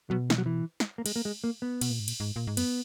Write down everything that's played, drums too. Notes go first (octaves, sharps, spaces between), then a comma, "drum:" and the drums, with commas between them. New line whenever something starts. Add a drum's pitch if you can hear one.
B2 F#3
E3, drum: snare
F#3
E3
drum: snare
A#3
G#3, drum: cymbal
A#3
G#3
A#3
B3
B2, drum: cymbal
A#2
G#2
A#2, drum: cymbal
G#2
A#2
G#2
F#2 B3, drum: cymbal